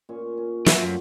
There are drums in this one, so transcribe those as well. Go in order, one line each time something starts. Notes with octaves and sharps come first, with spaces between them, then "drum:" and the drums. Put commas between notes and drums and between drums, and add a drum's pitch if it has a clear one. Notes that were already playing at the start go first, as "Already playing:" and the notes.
A#2 C#4 C#6
C#4
F3 F#3 A3 F#4 E5, drum: snare
F#2